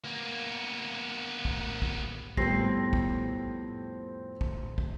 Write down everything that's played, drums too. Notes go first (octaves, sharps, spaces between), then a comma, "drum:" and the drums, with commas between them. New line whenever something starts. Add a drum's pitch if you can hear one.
A#3 B3
drum: kick
drum: kick
F2 A2 G3 B3 C4 A#6 C7, drum: kick
drum: kick
drum: kick
drum: kick